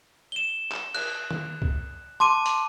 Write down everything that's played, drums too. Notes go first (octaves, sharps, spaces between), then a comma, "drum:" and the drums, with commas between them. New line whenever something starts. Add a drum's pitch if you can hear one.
E7 G7
drum: clap
F#6, drum: cymbal
drum: tom D#3
drum: kick C#2
A5 C6 D6 D#7
drum: hi-hat